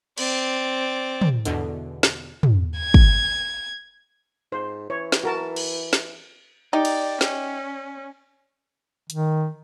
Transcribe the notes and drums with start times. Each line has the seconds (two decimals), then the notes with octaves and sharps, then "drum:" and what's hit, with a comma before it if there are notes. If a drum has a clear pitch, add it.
0.18 C4 D5, drum: cymbal
1.21 drum: tom
1.45 E2 B2 D3, drum: hi-hat
2.03 drum: snare
2.43 drum: tom
2.77 G#6
2.94 drum: kick
4.52 G#2 C5
4.90 E3 C#5
5.12 drum: snare
5.24 F#4 A#4 A5
5.56 drum: cymbal
5.93 drum: snare
6.73 D#4 G4 D5
6.85 drum: cymbal
7.21 C#4, drum: snare
9.10 D#3, drum: hi-hat